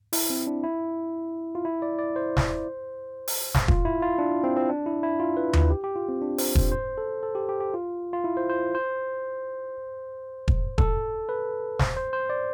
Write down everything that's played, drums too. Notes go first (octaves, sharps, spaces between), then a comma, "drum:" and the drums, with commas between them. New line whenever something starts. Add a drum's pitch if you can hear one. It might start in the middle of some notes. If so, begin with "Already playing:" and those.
E4, drum: open hi-hat
C4
D4
E4
F4
E4
D5
D5
C5
drum: snare
drum: open hi-hat
drum: snare
F4, drum: kick E1
E4
F4
D4
C4
C4
D4
E4
E4
F4
B4
B4, drum: tom D#2
G4
G4
F4
C4
D4
C5, drum: open hi-hat
C5, drum: kick E1
C5
A4
A4
G4
G4
G4
F4
F4
E4
C5
C5
C5
drum: kick E1
A4, drum: kick E1
B4
C5, drum: snare
C5
C5
D5